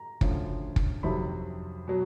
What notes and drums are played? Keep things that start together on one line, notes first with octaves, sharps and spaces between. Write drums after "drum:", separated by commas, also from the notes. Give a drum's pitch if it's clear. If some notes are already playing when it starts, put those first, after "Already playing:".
Already playing: A#5
D2 C#3 F3, drum: kick
drum: kick
F2 C3 D#3 F#3 B5
B2 F#3